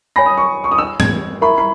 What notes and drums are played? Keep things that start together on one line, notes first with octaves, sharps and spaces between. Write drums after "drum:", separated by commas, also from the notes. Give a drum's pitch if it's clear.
C#5 G#5 B5 A#6
D#6
C#6
C#6
D#6
E6
G#6, drum: tom G2
E4 A#4 E5 A#5 B5 C#6
B5